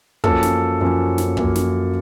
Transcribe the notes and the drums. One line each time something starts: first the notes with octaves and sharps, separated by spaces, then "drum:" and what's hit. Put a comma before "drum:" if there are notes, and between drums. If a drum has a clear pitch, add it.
F#2 F3 A#3 C#4 A4, drum: kick
drum: snare
F#2 F3 A#3 C#4
drum: snare
F#2 F3 A#3 C#4, drum: kick
drum: snare